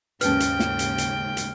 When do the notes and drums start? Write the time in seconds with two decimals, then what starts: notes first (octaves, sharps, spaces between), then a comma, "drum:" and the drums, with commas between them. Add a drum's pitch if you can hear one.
0.21 D#2 G#2 C#3 C#4 B4 G5 F6, drum: hi-hat
0.40 drum: hi-hat
0.60 drum: snare
0.79 drum: hi-hat
0.98 drum: hi-hat
1.37 drum: hi-hat